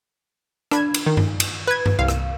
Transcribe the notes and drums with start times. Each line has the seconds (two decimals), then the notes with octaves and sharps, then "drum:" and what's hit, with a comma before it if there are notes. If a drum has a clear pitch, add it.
0.71 D4 B5 G#6, drum: rim click
0.94 drum: cymbal
1.06 D#3
1.17 drum: tom G2
1.40 drum: cymbal
1.67 B4 G#6
1.86 drum: tom G2
1.99 C2 F5
2.08 drum: rim click